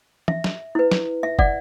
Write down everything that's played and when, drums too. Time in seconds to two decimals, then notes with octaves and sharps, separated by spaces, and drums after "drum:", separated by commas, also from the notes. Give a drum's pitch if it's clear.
0.28 E5, drum: tom E3
0.44 drum: snare
0.75 E4 B4
0.92 drum: snare
1.23 E5
1.39 D5 F#5, drum: kick